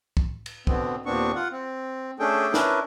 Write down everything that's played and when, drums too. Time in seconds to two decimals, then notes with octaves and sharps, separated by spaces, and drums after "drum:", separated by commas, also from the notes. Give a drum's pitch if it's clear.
0.17 drum: kick
0.46 drum: cymbal
0.67 B2 D3 B3 C4, drum: kick
1.06 D#2 A#2 B3 C4 D4 C#6
1.36 F4 F#5
1.52 C4
2.19 A3 C#4 D4 G#4 A4 G5
2.54 C#4 D4 E4 A#4 B4, drum: snare